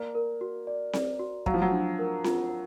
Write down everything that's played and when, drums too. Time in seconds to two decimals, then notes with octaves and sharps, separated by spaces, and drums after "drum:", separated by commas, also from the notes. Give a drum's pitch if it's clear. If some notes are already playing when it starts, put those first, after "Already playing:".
Already playing: A#3 D5
0.15 A#4
0.41 F#4
0.67 D5
0.93 D5, drum: snare C4
1.19 F#4
1.46 F#3 F5, drum: kick
1.54 F3
1.62 F#3
1.72 D4
1.99 A#4
2.24 F4, drum: snare C4